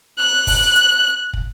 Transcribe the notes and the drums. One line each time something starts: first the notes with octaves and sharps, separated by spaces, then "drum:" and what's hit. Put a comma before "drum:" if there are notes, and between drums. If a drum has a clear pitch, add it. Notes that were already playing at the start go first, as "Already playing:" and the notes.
F#6
drum: kick, open hi-hat
drum: hi-hat
drum: kick